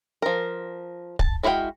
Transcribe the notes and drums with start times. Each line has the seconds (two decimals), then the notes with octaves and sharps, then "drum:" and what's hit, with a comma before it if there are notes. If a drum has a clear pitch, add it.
0.22 F3 A#4
1.19 A5, drum: kick
1.43 G#3 E4 F#4 F5 G5